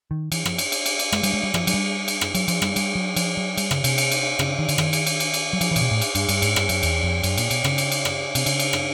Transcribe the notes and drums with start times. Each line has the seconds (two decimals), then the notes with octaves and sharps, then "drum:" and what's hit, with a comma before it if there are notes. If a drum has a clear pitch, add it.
0.11 D#3
0.32 E3, drum: cymbal
0.45 F3, drum: rim click
0.58 drum: cymbal
0.72 drum: cymbal
0.86 drum: cymbal
0.99 drum: cymbal
1.12 G#3, drum: rim click
1.23 G3, drum: cymbal
1.34 G#3
1.44 G3
1.54 F3, drum: rim click
1.67 F#3, drum: cymbal
1.74 G3
2.08 drum: cymbal
2.21 drum: rim click
2.35 F#3, drum: cymbal
2.48 F3, drum: cymbal
2.62 G3, drum: rim click
2.76 G3, drum: cymbal
2.95 F#3
3.16 F3, drum: cymbal
3.37 F#3
3.57 G3, drum: cymbal
3.71 C#3, drum: rim click
3.84 C3, drum: cymbal
3.98 drum: cymbal
4.11 drum: cymbal
4.39 C#3, drum: rim click
4.59 D#3
4.69 D3, drum: cymbal
4.78 D#3, drum: rim click
4.93 drum: cymbal
5.06 drum: cymbal
5.20 drum: cymbal
5.34 drum: cymbal
5.53 F#3
5.61 F3, drum: cymbal
5.71 E3
5.76 A#2, drum: cymbal
5.81 B2
5.91 A2
6.01 drum: cymbal
6.15 G2, drum: cymbal
6.29 G2, drum: cymbal
6.42 G#2, drum: cymbal
6.56 G2, drum: rim click
6.69 F#2, drum: cymbal
6.83 E2, drum: cymbal
7.03 F2
7.23 F#2, drum: cymbal
7.37 A#2, drum: cymbal
7.51 B2, drum: cymbal
7.64 C#3, drum: rim click
7.78 drum: cymbal
7.92 drum: cymbal
8.05 drum: rim click
8.35 C3, drum: cymbal
8.46 C#3, drum: cymbal
8.59 drum: cymbal
8.73 drum: rim click